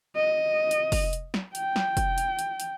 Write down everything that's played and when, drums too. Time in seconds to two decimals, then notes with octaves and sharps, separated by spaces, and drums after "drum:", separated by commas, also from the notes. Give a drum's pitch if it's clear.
0.16 D#5
0.71 drum: hi-hat
0.92 drum: kick, open hi-hat
1.13 drum: hi-hat
1.34 drum: snare
1.55 G5, drum: hi-hat
1.76 drum: snare
1.97 drum: kick, hi-hat
2.18 drum: hi-hat
2.39 drum: hi-hat
2.60 drum: hi-hat